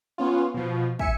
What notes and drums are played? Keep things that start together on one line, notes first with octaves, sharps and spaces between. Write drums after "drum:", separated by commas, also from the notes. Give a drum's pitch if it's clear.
B3 C#4 F4
B2 F3
E5 G#5 C#7, drum: kick